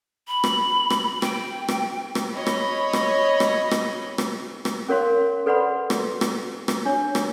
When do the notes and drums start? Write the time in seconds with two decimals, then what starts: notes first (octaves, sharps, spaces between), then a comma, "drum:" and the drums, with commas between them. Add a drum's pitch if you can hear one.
0.28 B5
0.44 drum: rim click
0.90 drum: rim click
1.22 G5, drum: rim click
1.68 drum: rim click
2.15 drum: rim click
2.33 C#5 D#5 B5
2.47 drum: rim click
2.93 drum: rim click
3.40 drum: rim click
3.71 drum: rim click
4.18 drum: rim click
4.65 drum: rim click
4.88 C#4 A#4 C#5 F5 C6
5.46 A4 B4 D5 F#5 B5 C6
5.90 drum: rim click
6.21 drum: rim click
6.68 drum: rim click
6.85 D4 C#5
7.15 drum: rim click